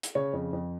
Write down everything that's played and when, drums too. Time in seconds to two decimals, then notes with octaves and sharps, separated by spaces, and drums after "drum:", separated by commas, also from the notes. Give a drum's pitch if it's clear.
0.03 drum: hi-hat
0.15 C#3 C#5
0.33 F2
0.53 F2